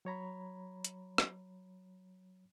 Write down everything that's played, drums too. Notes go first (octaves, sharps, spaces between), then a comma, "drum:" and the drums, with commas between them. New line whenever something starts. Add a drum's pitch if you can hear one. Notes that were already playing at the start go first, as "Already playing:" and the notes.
F#3 C#5 A#5 B5
drum: hi-hat
drum: rim click